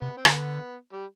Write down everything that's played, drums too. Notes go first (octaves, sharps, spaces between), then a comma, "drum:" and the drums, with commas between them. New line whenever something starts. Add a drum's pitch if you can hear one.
C3 B3
C4
D3, drum: rim click
B3
G3